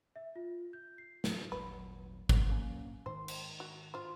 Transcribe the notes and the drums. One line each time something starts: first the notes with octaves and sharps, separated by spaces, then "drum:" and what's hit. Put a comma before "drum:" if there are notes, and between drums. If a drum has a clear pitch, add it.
E5
F4
G6
C7
drum: snare
D#1 G#1 F#3 B4
F#3 B3, drum: kick
F#3 A#3 C#4
G#2 D#3 C5
drum: cymbal
F#4
F4 C5